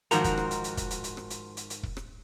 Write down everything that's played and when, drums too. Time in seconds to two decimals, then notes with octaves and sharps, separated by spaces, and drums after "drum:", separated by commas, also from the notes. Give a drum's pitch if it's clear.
0.11 G#2 D#3 F3 F#4 A#4 A#5, drum: hi-hat
0.24 drum: kick, hi-hat
0.38 drum: rim click
0.51 drum: hi-hat
0.64 drum: hi-hat
0.77 drum: kick, hi-hat
0.91 drum: hi-hat
1.04 drum: hi-hat
1.17 drum: rim click
1.30 drum: hi-hat
1.57 drum: hi-hat
1.70 drum: hi-hat
1.83 drum: kick
1.97 drum: rim click